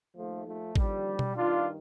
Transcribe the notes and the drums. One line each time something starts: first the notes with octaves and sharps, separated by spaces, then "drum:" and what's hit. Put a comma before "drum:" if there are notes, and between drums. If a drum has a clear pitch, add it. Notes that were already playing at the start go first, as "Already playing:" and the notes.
D#2 D#3 F3 A3
F3 A3
D#2 D3 F3 G3, drum: kick
drum: tom B2
G2 D#3 D4 F4